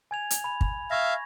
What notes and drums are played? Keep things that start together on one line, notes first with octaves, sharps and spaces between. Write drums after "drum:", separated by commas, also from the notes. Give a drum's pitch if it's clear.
G#5 G#6 F7
drum: hi-hat
B5 F7
drum: kick
E5 F5 C#6 G#6 A#6